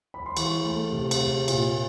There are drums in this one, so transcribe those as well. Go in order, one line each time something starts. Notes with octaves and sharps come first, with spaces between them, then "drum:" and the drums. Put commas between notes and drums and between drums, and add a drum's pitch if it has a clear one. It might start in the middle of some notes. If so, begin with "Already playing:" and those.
B5
C6
E3 C#6, drum: cymbal
A3
C3
drum: cymbal
C3
A#2, drum: cymbal